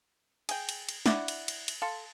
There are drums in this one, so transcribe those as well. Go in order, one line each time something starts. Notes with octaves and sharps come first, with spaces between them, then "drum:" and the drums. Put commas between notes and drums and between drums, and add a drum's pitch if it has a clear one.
G#4 G5, drum: cymbal
drum: cymbal
drum: cymbal
D4 E4 D5 F#5, drum: snare
drum: cymbal
drum: cymbal
drum: cymbal
A4 F5 C6